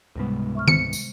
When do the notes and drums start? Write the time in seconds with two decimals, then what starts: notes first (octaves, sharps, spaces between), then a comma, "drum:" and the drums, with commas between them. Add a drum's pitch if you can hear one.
0.16 C#2 G#2 C3 G3 G#3 B3
0.55 E5 C#6 F6
0.68 C5 C#7, drum: tom D#3
0.93 drum: tambourine